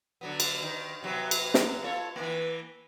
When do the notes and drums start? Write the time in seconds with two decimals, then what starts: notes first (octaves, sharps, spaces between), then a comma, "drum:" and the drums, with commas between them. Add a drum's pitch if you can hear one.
0.21 D3 F#3 B3
0.40 drum: cymbal
0.63 D#3
1.03 C3 F#3 B3
1.31 drum: cymbal
1.54 drum: snare
1.84 F4 A4 C#5
2.16 E3 A#3